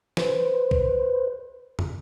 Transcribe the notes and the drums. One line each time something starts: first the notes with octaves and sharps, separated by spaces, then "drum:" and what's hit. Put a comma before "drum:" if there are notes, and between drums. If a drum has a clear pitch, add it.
B4 C5, drum: snare
drum: kick
drum: tom